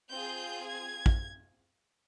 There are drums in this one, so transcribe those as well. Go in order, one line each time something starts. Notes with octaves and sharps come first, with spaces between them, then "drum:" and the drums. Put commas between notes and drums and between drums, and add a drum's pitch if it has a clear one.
C4 F4 G#4 G6
G#6
drum: kick